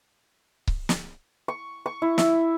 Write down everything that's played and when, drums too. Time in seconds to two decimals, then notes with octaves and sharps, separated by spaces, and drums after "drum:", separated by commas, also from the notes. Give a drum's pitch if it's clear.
0.68 drum: kick C#1
0.89 drum: snare
1.48 C#6
1.86 C#6
2.02 E4
2.18 E5, drum: snare